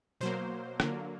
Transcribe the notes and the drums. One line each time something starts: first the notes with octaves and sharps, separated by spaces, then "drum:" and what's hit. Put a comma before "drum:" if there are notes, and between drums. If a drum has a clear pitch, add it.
B2 F#3 A#3 C5
D3 F#3 A#3, drum: rim click